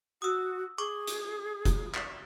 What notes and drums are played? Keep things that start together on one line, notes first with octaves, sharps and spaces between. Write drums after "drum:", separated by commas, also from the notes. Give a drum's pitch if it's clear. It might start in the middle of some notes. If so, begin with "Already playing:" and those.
F#4 D#6 E6
G#4 C#6 D6
drum: hi-hat
drum: kick, hi-hat
drum: clap